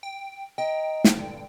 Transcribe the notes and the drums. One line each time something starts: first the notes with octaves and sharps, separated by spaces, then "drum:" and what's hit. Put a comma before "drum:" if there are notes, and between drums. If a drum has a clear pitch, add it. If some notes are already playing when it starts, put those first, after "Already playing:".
G5
D#5 G5 A#5
drum: snare
G2 A#2 D3